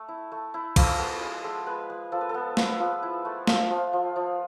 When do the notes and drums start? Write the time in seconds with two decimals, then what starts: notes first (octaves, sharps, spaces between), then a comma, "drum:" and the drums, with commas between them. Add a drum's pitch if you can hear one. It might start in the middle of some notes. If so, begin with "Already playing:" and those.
Already playing: A3
0.09 E4
0.32 A3
0.54 E4
0.76 F3 A4, drum: kick, cymbal
0.99 B3 G#4
1.21 G#3 G#4
1.44 G#3 A4
1.66 G#3 B4
1.90 G#3
2.12 F3 A4
2.21 B4
2.29 A4
2.34 B3
2.57 F3 B4, drum: snare
2.80 F3
3.03 E4
3.25 A3
3.47 F3, drum: snare
3.70 F3
3.93 F3
4.16 F3